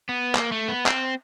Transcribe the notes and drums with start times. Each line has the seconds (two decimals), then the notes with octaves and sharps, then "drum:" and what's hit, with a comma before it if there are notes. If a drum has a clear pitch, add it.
0.09 B3
0.35 A#3, drum: clap
0.52 A3
0.68 B3
0.86 C4, drum: clap